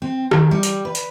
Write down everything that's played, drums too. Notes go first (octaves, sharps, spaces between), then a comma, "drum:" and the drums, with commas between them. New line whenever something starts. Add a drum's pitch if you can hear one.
C4
D#3, drum: rim click
G3
drum: hi-hat
B4
drum: hi-hat